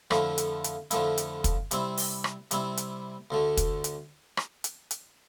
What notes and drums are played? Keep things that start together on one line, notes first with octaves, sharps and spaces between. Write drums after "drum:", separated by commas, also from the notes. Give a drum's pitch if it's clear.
F2 D3 F3 A3 E4, drum: rim click
drum: hi-hat
drum: hi-hat
F2 D3 F3 A3 E4, drum: hi-hat
drum: hi-hat
drum: kick, hi-hat
C3 G3 C4 E4, drum: hi-hat
drum: open hi-hat
drum: rim click
C3 G3 C4 E4, drum: hi-hat
drum: hi-hat
D2 D3 A3
drum: kick, hi-hat
drum: hi-hat
drum: rim click
drum: hi-hat
drum: hi-hat